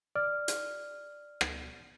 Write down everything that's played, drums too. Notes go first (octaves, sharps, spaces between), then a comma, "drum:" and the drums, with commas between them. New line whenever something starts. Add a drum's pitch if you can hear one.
D5 F6
drum: hi-hat
drum: rim click